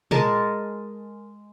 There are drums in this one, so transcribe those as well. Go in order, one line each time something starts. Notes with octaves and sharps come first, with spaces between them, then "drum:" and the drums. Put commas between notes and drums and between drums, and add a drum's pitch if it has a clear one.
G#3 A#4 G#5 A5, drum: tom A#2